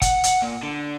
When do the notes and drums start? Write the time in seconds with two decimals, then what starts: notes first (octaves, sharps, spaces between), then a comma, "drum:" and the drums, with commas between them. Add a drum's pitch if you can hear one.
0.02 F#5, drum: kick, hi-hat
0.24 drum: hi-hat
0.42 A#2
0.63 D3